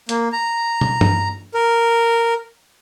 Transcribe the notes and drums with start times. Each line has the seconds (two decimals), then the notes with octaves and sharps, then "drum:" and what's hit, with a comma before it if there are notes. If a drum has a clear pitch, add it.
0.09 A#3, drum: hi-hat
0.32 A#5
0.81 drum: tom
1.01 drum: tom G2
1.54 A#4